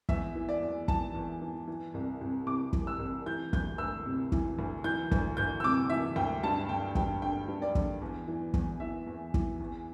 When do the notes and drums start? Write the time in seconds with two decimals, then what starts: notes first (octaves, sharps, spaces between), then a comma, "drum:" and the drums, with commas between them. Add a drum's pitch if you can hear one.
0.09 E2 E5, drum: kick
0.35 E3
0.49 D5
0.63 E2
0.88 E3 A5, drum: kick
1.14 E2
1.42 E3
1.68 E3
1.94 C2
2.21 C2
2.47 C3 D6
2.73 E3, drum: kick
2.87 E6
2.99 C2
3.26 E3 G6
3.53 D2 G6, drum: kick
3.78 D2 E6
4.06 C3
4.32 E3, drum: kick
4.59 D2
4.84 E3 G6
5.12 D2, drum: kick
5.37 D2 G6
5.60 E6
5.63 C3 D6
5.90 E3 E5
6.16 D2 G5
6.43 G2 A5
6.69 D3 G5
6.95 G2 G5, drum: kick
7.22 D3 G5
7.48 G2
7.62 D5
7.75 D3, drum: kick
8.02 E2
8.28 E3
8.54 E2, drum: kick
8.80 E3 E5
9.07 E2
9.34 E3, drum: kick
9.60 E2